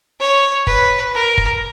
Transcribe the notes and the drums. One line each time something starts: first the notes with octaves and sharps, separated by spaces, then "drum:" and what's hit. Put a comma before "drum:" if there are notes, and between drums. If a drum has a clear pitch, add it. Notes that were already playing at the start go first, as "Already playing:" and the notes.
C#5
B4, drum: kick
A#4
drum: kick